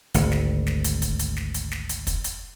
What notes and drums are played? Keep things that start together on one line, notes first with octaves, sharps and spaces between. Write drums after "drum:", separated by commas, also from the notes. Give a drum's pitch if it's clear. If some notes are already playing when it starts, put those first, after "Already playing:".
G#1 D2, drum: hi-hat
drum: snare
drum: snare
drum: hi-hat
drum: kick, hi-hat
drum: hi-hat
drum: snare
drum: hi-hat
drum: snare
drum: hi-hat
drum: kick, hi-hat
drum: hi-hat